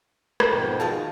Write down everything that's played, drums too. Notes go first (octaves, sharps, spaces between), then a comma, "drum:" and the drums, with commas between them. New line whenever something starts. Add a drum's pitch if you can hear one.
drum: rim click
F2 G#2 B2 G5
D#3 G#3 F4 F#4 G#4 D#5 A5